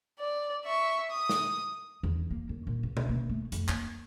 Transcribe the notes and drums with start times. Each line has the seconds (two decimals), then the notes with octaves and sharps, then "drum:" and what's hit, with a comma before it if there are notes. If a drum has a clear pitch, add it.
0.19 D5
0.65 E5 C#6
1.11 D#6
1.29 drum: snare
2.03 E2
2.31 A#3
2.49 F#2
2.67 A#2
2.83 C#2
2.97 drum: tom B2
3.09 A#3
3.29 A3
3.52 F2, drum: hi-hat
3.69 A#3, drum: clap